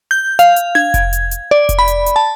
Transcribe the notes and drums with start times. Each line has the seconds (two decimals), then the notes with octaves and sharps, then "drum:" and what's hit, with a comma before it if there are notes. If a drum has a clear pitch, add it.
0.11 G6
0.39 F5, drum: hi-hat
0.56 drum: hi-hat
0.75 G#6, drum: tom D4
0.94 drum: kick F1, hi-hat
1.13 drum: hi-hat
1.31 drum: hi-hat
1.51 D5
1.69 drum: kick F1, hi-hat
1.79 B5
1.88 drum: hi-hat
2.06 drum: hi-hat
2.16 A5